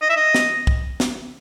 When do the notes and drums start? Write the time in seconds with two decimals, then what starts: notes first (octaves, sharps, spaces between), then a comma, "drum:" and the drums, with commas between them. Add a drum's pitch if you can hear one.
0.02 D#5
0.09 E5
0.16 D#5
0.35 drum: snare
0.67 drum: kick C2
1.00 drum: snare